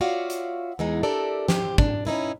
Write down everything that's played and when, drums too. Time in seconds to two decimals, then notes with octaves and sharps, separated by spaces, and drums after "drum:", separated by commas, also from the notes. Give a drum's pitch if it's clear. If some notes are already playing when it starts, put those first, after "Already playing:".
0.01 F4 F#4 C#5 D5 E5 F5
0.30 drum: hi-hat
0.79 E2 E3 G#3 D#4
1.03 D4 G4 A4 A#4 D5 E5
1.48 G4 C5, drum: snare
1.78 D4, drum: kick
2.05 C#4 D#4 E4 B4